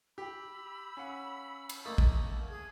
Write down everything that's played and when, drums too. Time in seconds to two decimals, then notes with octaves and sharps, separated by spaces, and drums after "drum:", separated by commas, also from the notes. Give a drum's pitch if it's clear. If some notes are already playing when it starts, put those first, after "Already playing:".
0.18 G4 G5 B5 E6
0.97 C#4 F5 F#5
1.69 drum: cymbal
1.85 A3 A#3 D#4
1.98 drum: kick A1
2.47 G#4 G#6